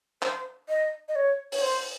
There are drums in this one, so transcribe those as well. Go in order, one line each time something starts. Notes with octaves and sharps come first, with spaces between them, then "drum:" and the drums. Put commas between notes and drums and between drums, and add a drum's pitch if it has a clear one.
C5, drum: clap
D#5
D#5
C#5
C#5, drum: open hi-hat
C5